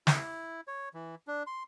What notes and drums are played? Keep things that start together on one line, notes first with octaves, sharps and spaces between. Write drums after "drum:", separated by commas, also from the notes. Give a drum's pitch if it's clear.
E4, drum: snare
C#5
E3
D4
C6